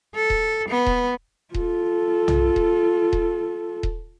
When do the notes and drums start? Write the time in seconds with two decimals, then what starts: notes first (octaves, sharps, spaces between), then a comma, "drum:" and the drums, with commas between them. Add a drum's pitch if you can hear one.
0.16 A4
0.30 drum: kick D#1
0.69 B3
0.86 drum: kick D#1
1.54 F4 A4, drum: kick D#1
2.28 drum: tom B1
2.56 drum: kick D#1
3.13 drum: kick D#1
3.83 drum: kick D#1